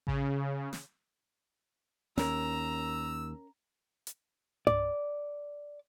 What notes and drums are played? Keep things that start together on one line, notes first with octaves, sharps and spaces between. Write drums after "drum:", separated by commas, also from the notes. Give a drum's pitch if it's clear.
C#3, drum: kick A1
drum: snare
D#2 C#4 A#4 A#5 E6, drum: snare
drum: hi-hat
D5, drum: tom G2